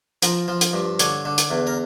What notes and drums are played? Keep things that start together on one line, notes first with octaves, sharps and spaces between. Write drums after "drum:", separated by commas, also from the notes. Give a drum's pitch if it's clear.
F3 A#4, drum: hi-hat
F3
drum: hi-hat
G2
D3 C#5, drum: hi-hat
D3
drum: hi-hat
E2
A#4